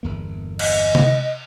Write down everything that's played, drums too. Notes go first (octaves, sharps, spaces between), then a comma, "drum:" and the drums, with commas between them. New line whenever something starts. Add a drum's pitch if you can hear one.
G1 E2 A#3
D#5, drum: cymbal
drum: tom C3